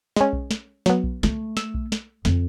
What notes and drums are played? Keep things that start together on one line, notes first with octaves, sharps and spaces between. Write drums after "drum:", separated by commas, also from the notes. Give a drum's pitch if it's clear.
G#3 C#4, drum: snare
drum: kick B1
drum: snare
F#3 B3, drum: snare
drum: kick B1
A3, drum: snare
E6, drum: snare
drum: kick B1
drum: snare
F2, drum: snare